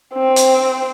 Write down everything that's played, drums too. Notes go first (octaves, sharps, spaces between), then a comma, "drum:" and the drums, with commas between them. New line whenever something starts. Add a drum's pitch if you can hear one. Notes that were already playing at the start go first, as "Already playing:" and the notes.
C4
drum: hi-hat